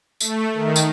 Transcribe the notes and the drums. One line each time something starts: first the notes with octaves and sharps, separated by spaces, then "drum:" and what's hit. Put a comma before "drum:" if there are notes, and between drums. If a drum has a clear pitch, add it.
A3, drum: tambourine
D#3
drum: tambourine